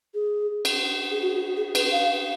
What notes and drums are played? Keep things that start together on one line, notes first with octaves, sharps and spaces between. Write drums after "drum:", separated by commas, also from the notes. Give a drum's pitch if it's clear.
G#4
drum: cymbal
G#4
F#4
G#4
B4, drum: cymbal
F5